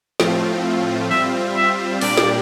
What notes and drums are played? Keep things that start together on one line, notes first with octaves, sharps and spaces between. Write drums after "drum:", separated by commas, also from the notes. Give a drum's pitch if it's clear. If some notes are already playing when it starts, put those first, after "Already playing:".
A2 F3 A3 C4 F4, drum: snare
G3 C4 F4 E5
E5
A#2 G3 A#3 D4 G4 D5, drum: open hi-hat
drum: snare